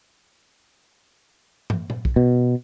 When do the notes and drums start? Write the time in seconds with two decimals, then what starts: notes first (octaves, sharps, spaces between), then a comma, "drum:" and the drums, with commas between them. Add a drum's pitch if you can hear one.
1.70 drum: tom
1.90 drum: tom A#2
2.05 drum: kick B1
2.16 B2